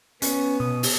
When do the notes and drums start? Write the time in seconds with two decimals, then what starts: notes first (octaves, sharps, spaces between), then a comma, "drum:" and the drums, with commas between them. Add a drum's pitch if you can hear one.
0.22 B3 C#4, drum: hi-hat
0.60 B2 D#6
0.83 drum: open hi-hat